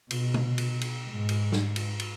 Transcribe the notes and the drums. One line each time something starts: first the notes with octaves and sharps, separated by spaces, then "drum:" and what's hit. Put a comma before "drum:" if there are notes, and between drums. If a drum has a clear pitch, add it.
B2, drum: cymbal
drum: tom C3
drum: cymbal
drum: cymbal
G#2
drum: cymbal
drum: snare D4
drum: cymbal
drum: cymbal